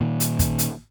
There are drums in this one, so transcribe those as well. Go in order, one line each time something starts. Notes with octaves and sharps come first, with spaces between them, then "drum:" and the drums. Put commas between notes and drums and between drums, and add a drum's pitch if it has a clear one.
A#2 D#3
drum: hi-hat
drum: kick, hi-hat
drum: hi-hat